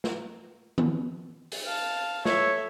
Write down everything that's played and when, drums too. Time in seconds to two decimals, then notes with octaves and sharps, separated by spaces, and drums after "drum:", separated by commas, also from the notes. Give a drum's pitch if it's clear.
0.04 drum: snare
0.78 drum: tom D#3
1.52 drum: open hi-hat
1.65 F5 A5
2.25 A4 C#5 E5, drum: snare